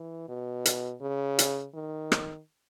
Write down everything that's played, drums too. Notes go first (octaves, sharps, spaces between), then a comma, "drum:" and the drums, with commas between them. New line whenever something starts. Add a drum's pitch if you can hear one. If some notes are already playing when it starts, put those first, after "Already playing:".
Already playing: E3
B2
drum: hi-hat
C#3
drum: hi-hat
D#3
drum: rim click